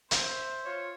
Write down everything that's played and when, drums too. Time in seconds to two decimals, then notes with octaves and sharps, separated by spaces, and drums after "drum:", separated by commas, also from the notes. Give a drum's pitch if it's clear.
0.11 C5 E5, drum: hi-hat
0.65 F4 C#5